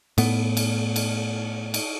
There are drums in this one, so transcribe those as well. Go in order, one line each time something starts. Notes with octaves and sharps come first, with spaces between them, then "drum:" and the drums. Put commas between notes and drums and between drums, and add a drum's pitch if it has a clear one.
A2 B3, drum: cymbal
drum: cymbal
drum: cymbal
drum: cymbal